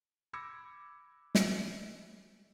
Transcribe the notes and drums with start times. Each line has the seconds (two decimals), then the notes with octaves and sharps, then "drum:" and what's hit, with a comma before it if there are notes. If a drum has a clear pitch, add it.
0.33 B5 D6 E6 G#6 A#6 C#7
1.35 drum: snare